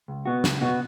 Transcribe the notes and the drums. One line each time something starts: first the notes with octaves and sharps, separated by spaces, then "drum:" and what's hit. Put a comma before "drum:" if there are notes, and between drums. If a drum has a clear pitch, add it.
C#2
B2 B3 F#4
C#2, drum: snare
B2 B3 F#4